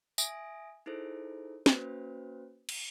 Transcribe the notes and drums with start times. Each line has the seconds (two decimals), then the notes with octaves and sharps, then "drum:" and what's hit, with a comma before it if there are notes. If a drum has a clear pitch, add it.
0.18 E5 G#5 D#6 A#6 D7, drum: tambourine
0.86 D#4 E4 G#4 A4 C5
1.66 A#3 C#4 F#4 B4 C5, drum: snare
2.69 drum: cymbal